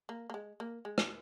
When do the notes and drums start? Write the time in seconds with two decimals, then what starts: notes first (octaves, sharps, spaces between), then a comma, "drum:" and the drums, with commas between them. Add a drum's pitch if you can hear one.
0.09 A#3
0.30 A#3
0.34 G#3
0.60 A#3
0.85 G#3
0.98 drum: rim click